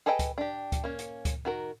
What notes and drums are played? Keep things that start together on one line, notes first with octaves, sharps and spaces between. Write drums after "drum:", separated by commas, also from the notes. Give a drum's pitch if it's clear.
G#4 A4 B4 D#5 G5
drum: kick C#2, hi-hat
D4 G4
drum: kick C#2, hi-hat
A#3 C#4
drum: hi-hat
drum: kick C#2, hi-hat
D#3 F#4 A#4